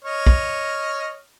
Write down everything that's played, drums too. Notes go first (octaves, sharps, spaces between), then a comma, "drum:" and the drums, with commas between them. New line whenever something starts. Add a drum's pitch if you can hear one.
C#5 D#5 F6
drum: kick